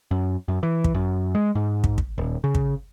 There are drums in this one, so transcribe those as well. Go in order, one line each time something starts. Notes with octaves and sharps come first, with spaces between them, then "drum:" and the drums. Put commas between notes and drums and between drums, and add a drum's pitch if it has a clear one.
F#2
F#2
E3
drum: kick
F#2
G#3
G#2
drum: kick
drum: kick
D#1
C#3
drum: kick